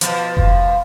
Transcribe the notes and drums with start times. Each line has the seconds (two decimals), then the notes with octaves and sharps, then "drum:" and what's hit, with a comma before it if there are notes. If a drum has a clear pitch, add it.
0.01 B2 F3, drum: hi-hat
0.37 drum: kick F1